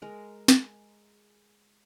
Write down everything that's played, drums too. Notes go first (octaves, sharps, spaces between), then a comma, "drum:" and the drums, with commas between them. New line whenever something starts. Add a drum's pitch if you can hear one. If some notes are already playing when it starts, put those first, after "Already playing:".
G#3 A#4
drum: snare